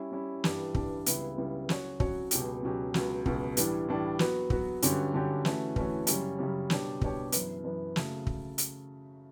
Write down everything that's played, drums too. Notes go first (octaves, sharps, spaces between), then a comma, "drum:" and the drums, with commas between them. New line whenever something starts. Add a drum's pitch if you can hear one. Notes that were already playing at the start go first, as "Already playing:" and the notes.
Already playing: G3 C#4 E4
G3 C#4 E4
G2 E3 G3 D4, drum: snare
G2 E3 G3 D4, drum: kick
C#2 C#3 G3 B3 E4, drum: hi-hat
C#2 C#3 G3 B3 E4
F#3 C#4 F#4 C#5, drum: snare
F#3 C#4 F#4 C#5, drum: kick
C#2 B2 F#3 C#4 G4, drum: hi-hat
C#2 B2 F#3 C#4 G4
C#2 B2 F#3, drum: snare
C#2 B2 F#3, drum: kick
A2 E3 G3 D4, drum: hi-hat
A2 E3 G3 D4
F#3 B3 F#4, drum: snare
F#3 B3 F#4, drum: kick
G2 D3 F#3 C#4 G4, drum: hi-hat
G2 D3 F#3 C#4 G4
E3 A3 C#4 F#4, drum: snare
E3 A3 C#4 F#4, drum: kick
F#2 C#3 G3 C#4, drum: hi-hat
F#2 C#3 G3 C#4
B2 G3 D4 G4 C#5, drum: snare
B2 G3 D4 G4 C#5, drum: kick
F#2 E3 B3, drum: hi-hat
F#2 E3 B3
C#3 F#3 A3, drum: snare
drum: kick
drum: hi-hat